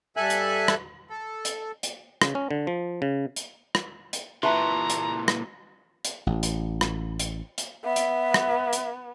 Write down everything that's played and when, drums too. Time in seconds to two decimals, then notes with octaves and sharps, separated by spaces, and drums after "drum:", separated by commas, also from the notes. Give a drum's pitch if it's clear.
0.17 G2 A4 E5 G#5 F#6
0.30 drum: hi-hat
0.68 drum: rim click
1.10 A4
1.45 drum: hi-hat
1.83 drum: hi-hat
2.22 C#3, drum: rim click
2.35 C#4
2.51 D3
2.67 F3
3.02 C#3
3.36 drum: hi-hat
3.75 drum: rim click
4.13 drum: hi-hat
4.43 A#2 E3 F#4 B4 E5 A5 A#5 C6
4.90 drum: hi-hat
5.28 drum: rim click
6.05 drum: hi-hat
6.27 A1
6.43 drum: hi-hat
6.81 drum: rim click
7.19 drum: hi-hat
7.58 drum: hi-hat
7.84 B3 E5
7.96 drum: hi-hat
8.34 drum: rim click
8.73 drum: hi-hat